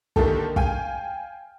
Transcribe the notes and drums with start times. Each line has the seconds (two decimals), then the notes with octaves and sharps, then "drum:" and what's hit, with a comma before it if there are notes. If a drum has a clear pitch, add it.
0.16 D3 D#3 A3 A#3 G4 A4, drum: kick
0.56 F5 G5 G#5, drum: kick